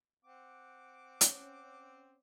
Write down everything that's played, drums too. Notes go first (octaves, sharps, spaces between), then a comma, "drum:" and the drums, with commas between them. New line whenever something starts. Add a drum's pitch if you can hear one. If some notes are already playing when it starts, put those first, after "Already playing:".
C4 F#5 D6
C#4, drum: hi-hat